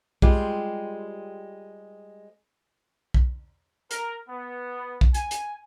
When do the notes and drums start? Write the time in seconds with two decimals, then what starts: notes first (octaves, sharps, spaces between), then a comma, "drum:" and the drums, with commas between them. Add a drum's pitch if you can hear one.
0.22 G3 G#3 C4 F4 G4, drum: kick
3.14 drum: kick
3.91 A#4, drum: hi-hat
4.29 B3
5.01 drum: kick
5.14 G#5, drum: hi-hat
5.31 drum: hi-hat